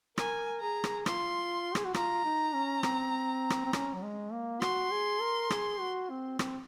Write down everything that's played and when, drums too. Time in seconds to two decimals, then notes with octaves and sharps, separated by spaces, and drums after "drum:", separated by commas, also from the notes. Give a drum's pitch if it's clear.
0.18 A#4 G#5, drum: rim click
0.61 G#4 A#5
0.84 drum: rim click
1.06 F4 C6, drum: rim click
1.75 G#4, drum: rim click
1.85 F#4
1.94 F4 A#5, drum: rim click
2.25 D#4
2.55 C#4
2.83 C4, drum: rim click
3.50 drum: rim click
3.65 C4
3.73 C#4, drum: rim click
3.94 F#3
4.03 G#3
4.32 A#3
4.62 F#4 C6, drum: rim click
4.91 G#4
5.21 A#4
5.50 G#4, drum: rim click
5.80 F#4
6.10 C4
6.39 C4, drum: rim click